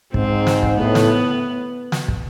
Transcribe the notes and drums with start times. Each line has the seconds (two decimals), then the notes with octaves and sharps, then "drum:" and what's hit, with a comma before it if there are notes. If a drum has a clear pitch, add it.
0.14 G#2 C4, drum: kick
0.47 drum: snare
0.63 drum: kick
0.79 A2 B3
0.95 drum: snare
1.92 drum: snare
2.08 drum: kick